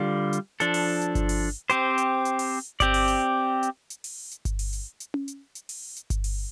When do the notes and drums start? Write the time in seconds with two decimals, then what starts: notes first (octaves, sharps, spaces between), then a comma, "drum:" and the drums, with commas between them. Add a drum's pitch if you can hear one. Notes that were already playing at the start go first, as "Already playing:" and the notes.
Already playing: D3 G3 F4
0.33 drum: hi-hat
0.60 F3 D4 A4, drum: hi-hat
0.74 drum: open hi-hat
1.01 drum: hi-hat
1.15 drum: kick G1, hi-hat
1.29 drum: open hi-hat
1.70 C4 G4 C5, drum: hi-hat
1.98 drum: hi-hat
2.25 drum: hi-hat
2.39 drum: open hi-hat
2.80 C4 G4 D5, drum: kick G1, hi-hat
2.94 drum: open hi-hat
3.08 drum: hi-hat
3.63 drum: hi-hat
3.90 drum: hi-hat
4.04 drum: open hi-hat
4.31 drum: hi-hat
4.45 drum: kick G1, hi-hat
4.59 drum: open hi-hat
4.73 drum: hi-hat
5.00 drum: hi-hat
5.14 drum: tom C#4
5.28 drum: hi-hat
5.55 drum: hi-hat
5.69 drum: open hi-hat
5.96 drum: hi-hat
6.10 drum: kick G1, hi-hat
6.24 drum: open hi-hat